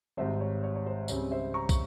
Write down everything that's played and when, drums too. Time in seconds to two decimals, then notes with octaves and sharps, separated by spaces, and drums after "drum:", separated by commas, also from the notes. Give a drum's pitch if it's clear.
0.17 G#1 G#2 G3 C5 E5
0.40 C#5
0.63 C#5
0.75 C#5
0.86 C5
1.08 C#2 C#3 G3 C4 C#5, drum: tambourine
1.31 C5 E5
1.54 A#5 C#6
1.69 drum: kick, tambourine